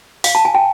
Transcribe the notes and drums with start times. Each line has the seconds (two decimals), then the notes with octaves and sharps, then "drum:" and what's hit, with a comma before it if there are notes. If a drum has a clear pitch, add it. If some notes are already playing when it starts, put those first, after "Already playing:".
0.24 F5, drum: open hi-hat
0.35 A5
0.45 G#5
0.55 G5